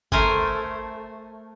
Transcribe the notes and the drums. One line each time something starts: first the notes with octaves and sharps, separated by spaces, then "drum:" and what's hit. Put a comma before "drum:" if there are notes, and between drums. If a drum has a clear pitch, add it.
A3 A#4 C5 G#5, drum: kick